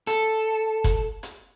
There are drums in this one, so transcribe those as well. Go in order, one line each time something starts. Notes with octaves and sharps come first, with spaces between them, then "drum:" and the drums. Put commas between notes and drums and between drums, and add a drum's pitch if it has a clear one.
A4, drum: hi-hat
drum: kick F#1, hi-hat
drum: hi-hat